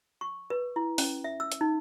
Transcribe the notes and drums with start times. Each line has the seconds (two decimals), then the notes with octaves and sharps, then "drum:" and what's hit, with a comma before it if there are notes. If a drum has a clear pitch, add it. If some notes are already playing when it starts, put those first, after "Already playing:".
0.21 C#6
0.50 B4
0.76 E4
0.98 C#4, drum: open hi-hat
1.24 E5
1.40 E6
1.52 drum: hi-hat
1.61 D#4